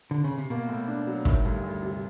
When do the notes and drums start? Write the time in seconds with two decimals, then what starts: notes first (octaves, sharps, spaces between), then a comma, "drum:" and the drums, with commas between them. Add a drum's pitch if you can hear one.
0.11 D3
0.24 C#3
0.38 C3
0.50 B2 A#3
0.69 A2
0.88 D4
1.07 F#3
1.25 A2 D#3, drum: kick
1.45 D2 G2
1.64 D2
1.83 C3